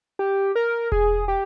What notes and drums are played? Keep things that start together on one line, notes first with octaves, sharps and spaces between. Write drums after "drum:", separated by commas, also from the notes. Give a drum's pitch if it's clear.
G4
A#4
G#4, drum: kick E1
G4